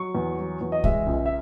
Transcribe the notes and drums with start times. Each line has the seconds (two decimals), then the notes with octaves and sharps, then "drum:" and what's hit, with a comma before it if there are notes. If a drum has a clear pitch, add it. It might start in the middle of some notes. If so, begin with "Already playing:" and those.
Already playing: F#3 C#6
0.15 E2
0.38 F#3
0.61 E2
0.72 D#5
0.84 G#3 E5, drum: kick
1.07 C#2
1.26 E5